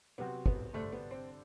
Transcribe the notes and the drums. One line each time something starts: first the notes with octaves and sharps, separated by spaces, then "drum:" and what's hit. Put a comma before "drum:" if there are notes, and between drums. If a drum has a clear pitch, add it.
C3 F#3 B3 C4 F#4
B3, drum: kick
D3 G3 A3 D4 A4 C5
B3
C4